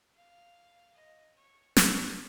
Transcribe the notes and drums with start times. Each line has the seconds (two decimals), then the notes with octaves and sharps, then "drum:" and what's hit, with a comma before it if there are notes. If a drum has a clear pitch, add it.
0.14 F5
0.95 D#5
1.36 C#5
1.77 B4, drum: snare